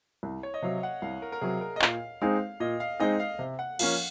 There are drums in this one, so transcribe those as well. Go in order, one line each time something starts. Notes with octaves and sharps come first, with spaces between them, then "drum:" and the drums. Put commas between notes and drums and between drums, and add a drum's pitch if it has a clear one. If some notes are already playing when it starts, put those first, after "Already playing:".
C2
C#5
D#5
C3 F#3 F5
F#5
C2 F5
A#4
A#4
C3 F#3 G#4
A#4
D#5
A#2 F5, drum: clap
G#3 C4 D#4 G#4 F5
A#2 D#5
F5
G#3 C4 D#4 G#4 D#5
F5
C3
F#5
F3 A#3 C#4 F5, drum: cymbal